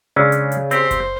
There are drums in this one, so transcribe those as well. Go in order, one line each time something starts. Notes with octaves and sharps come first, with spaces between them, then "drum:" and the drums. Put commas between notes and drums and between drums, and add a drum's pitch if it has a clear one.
C#3 G#3 C#4 D4 D5 E6
drum: hi-hat
drum: hi-hat
C4 G4 C5, drum: hi-hat
drum: kick F#1, hi-hat